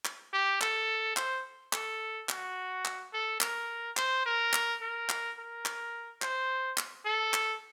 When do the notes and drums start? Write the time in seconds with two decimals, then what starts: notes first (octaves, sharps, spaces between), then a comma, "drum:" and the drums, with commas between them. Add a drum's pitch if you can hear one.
0.05 drum: clap
0.33 G4
0.61 A4, drum: clap
1.17 C5, drum: clap
1.73 A4, drum: clap
2.29 F#4, drum: clap
2.85 drum: clap
3.13 A4
3.41 A#4, drum: clap
3.97 C5, drum: clap
4.26 A#4
4.53 drum: clap
4.81 A#4
5.09 drum: clap
5.38 A#4
5.65 drum: clap
6.22 C5, drum: clap
6.77 drum: clap
7.05 A4
7.33 drum: clap